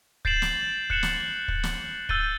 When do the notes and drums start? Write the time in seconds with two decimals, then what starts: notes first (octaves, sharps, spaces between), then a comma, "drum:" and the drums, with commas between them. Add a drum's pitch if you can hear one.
0.25 G6 A6 C7 D7 E7 F#7, drum: kick
0.42 drum: snare
0.90 F#6 C#7 E7 F#7, drum: kick
1.03 drum: snare
1.48 drum: kick
1.63 drum: snare
2.09 E6 G6 A6 D#7 G7, drum: kick